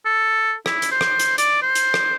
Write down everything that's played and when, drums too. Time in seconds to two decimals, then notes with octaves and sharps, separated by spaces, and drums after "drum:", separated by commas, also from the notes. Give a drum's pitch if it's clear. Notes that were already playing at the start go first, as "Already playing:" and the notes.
0.05 A4
0.66 E4, drum: rim click
0.82 drum: hi-hat
0.91 C5
1.01 drum: rim click
1.19 drum: hi-hat
1.38 D5, drum: hi-hat
1.62 C5
1.75 drum: hi-hat
1.94 drum: rim click